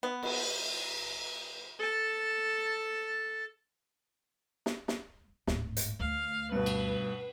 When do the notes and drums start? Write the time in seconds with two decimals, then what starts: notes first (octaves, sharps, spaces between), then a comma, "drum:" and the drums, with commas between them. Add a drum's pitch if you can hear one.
0.03 B3
0.23 drum: cymbal
1.79 A4 A5
4.66 drum: snare
4.88 drum: snare
5.47 D1 G#2, drum: snare
5.77 drum: hi-hat
6.00 D2 F5
6.52 G2 B2 B4
6.66 drum: cymbal